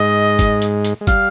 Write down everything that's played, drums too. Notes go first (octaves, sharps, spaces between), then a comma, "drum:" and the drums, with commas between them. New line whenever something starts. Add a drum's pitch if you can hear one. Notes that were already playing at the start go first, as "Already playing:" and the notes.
Already playing: G#2 G#3 D#5
drum: kick, hi-hat
drum: hi-hat
drum: hi-hat
G#3
G3 F5, drum: kick, hi-hat